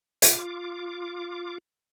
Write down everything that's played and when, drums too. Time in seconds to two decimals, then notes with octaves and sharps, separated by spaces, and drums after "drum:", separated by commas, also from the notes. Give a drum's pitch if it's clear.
0.22 F4 D6, drum: hi-hat